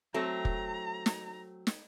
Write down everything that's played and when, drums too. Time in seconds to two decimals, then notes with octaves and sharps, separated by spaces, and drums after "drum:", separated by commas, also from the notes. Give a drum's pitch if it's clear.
0.14 F#3 A3 C4 A#5
0.45 drum: kick
1.06 drum: snare
1.67 drum: snare